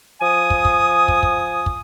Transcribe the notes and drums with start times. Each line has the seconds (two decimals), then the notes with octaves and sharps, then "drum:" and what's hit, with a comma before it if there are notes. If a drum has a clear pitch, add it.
0.21 F3 G#5 D#6
0.50 drum: kick
0.65 drum: kick
1.08 drum: kick
1.23 drum: kick
1.66 drum: kick